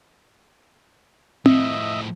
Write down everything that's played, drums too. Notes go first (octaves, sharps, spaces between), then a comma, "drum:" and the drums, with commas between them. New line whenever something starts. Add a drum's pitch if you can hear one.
A2 F3 D#5 E5, drum: tom C4